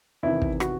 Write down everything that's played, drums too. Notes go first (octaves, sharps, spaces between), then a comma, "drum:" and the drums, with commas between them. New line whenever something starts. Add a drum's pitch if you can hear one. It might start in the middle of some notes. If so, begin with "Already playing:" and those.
E2 C3 D#3 E4
drum: kick
F#4, drum: rim click